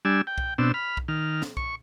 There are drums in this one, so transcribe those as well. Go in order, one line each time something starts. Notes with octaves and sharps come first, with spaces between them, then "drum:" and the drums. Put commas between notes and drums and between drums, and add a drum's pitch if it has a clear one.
G3 D4 G#5 E6
G5
drum: kick B1
B2 C4 D4 E6
B5 F6
drum: kick B1
D#3 F6
drum: snare
C#6, drum: kick B1